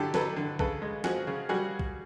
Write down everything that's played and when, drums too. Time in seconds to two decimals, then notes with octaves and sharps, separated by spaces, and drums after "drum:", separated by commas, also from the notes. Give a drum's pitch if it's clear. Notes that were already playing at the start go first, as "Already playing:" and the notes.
Already playing: D3 F#3 E4 G4 A4
0.14 F#3 A4 B4, drum: snare
0.36 D3
0.59 C#3 A4 B4, drum: kick
0.82 G#3
1.04 F3 F#4 G#4, drum: snare
1.27 C#3
1.49 G3 F#4 G#4
1.79 drum: kick